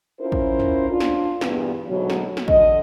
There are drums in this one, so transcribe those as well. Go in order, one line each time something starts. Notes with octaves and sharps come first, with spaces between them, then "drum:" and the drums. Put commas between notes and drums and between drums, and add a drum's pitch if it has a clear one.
C#4 E4 F4 A#4 C5
drum: kick A1
drum: tom
D4 F4
drum: snare
E2 G2 A#2 B3, drum: snare
D2 G#2 B2 F#3
drum: snare
drum: snare
D3 D#5, drum: kick A1